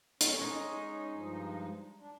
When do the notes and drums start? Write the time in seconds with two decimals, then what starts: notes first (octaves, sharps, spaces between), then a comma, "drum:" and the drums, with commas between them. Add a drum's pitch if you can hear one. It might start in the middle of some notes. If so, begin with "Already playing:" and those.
0.21 C#4 C#5, drum: hi-hat
0.42 G#3 D#4
1.12 G2 F3
1.99 D4